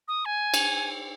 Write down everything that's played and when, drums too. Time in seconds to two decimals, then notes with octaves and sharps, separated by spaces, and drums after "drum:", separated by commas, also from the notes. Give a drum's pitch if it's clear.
0.08 D#6
0.25 G#5
0.54 drum: cymbal